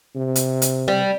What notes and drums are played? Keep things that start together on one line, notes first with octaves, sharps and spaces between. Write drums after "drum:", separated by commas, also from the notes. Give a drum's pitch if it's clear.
C3
drum: hi-hat
drum: hi-hat
G3